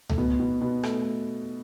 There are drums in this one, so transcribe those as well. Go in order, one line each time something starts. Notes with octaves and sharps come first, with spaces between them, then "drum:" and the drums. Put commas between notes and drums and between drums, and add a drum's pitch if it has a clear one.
A3, drum: tom C#2
B2 B3
B2 B3
B2 B3
A3, drum: rim click